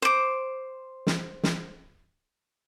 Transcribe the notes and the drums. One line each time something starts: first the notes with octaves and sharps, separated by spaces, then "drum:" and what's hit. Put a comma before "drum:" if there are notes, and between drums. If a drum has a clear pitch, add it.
C5 D6
drum: snare
drum: snare